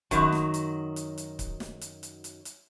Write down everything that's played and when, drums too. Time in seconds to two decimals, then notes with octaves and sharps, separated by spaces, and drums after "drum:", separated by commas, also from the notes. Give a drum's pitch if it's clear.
0.11 F#2 D#3 F#3, drum: kick C#1, hi-hat
0.32 drum: snare
0.54 drum: hi-hat
0.96 drum: hi-hat
1.18 drum: hi-hat
1.39 drum: kick C#1, hi-hat
1.60 drum: snare
1.81 drum: hi-hat
2.03 drum: hi-hat
2.24 drum: hi-hat
2.45 drum: hi-hat